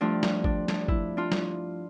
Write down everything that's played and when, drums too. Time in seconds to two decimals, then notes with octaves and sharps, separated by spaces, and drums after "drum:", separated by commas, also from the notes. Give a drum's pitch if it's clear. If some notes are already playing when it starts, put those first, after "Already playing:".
0.01 G2 F3 A3 D4 F4
0.23 drum: snare
0.44 D4, drum: kick
0.68 D4, drum: snare
0.88 E4, drum: kick
1.17 D4 F4
1.32 drum: snare